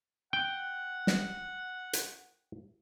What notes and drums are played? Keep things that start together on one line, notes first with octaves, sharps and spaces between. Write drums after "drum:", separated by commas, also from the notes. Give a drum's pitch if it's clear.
F#5 G5
drum: snare
drum: hi-hat